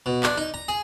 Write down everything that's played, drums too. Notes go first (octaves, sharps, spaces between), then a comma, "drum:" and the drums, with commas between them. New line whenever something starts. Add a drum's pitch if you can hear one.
B2
D4, drum: clap
D#4
A#5
G#4